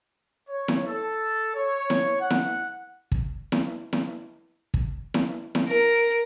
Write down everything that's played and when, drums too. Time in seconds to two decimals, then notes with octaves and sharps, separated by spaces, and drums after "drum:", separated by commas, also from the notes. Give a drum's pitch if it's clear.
0.48 C#5
0.68 drum: snare E4
0.87 A4
1.55 C#5
1.90 drum: snare E4
2.20 F#5
2.30 drum: snare E4
3.12 drum: kick
3.52 drum: snare E4
3.93 drum: snare E4
4.74 drum: kick
5.14 drum: snare E4
5.55 drum: snare E4
5.68 A#4